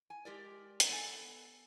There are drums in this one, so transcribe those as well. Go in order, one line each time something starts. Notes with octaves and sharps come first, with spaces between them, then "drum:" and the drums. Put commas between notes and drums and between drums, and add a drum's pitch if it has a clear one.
G#5
G#3 G4 A#4 D5
drum: hi-hat
B3 A4 G#5